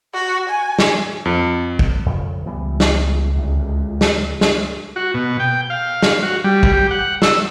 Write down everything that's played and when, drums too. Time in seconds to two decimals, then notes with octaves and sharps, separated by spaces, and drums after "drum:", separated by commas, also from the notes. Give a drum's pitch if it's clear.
0.14 F#4
0.49 G#5
0.79 drum: snare
1.25 F2
1.79 drum: kick
2.06 F2 C#3
2.45 C#2 E3 G3 B3
2.80 drum: snare
3.36 D2
4.01 drum: snare
4.41 drum: snare
4.96 F#4
5.14 B2
5.40 G5
5.70 F5
6.02 drum: snare
6.23 F#4
6.44 G3
6.63 drum: kick
6.73 G4
6.91 F#5
7.22 E6, drum: snare